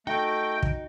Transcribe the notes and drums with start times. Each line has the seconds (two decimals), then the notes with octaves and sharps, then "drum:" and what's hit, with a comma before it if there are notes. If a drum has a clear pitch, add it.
0.07 A3 D#4 F#4 G5
0.63 drum: kick